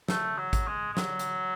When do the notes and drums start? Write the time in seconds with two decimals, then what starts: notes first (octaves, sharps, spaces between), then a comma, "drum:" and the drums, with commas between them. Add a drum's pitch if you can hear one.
0.08 A3, drum: snare
0.38 F#3
0.53 drum: kick G#1, hi-hat
0.68 G#3
0.93 G#3
0.97 F#3, drum: snare
1.19 drum: hi-hat